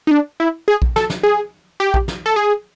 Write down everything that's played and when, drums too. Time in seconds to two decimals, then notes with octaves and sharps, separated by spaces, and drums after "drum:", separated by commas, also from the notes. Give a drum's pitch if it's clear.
0.07 D#4
0.11 D4
0.40 E4
0.68 G#4
0.82 drum: kick A#1
0.96 A4, drum: snare
1.10 drum: snare
1.23 G#4
1.80 G4
1.94 drum: kick A#1
2.08 drum: snare
2.26 A4
2.36 G#4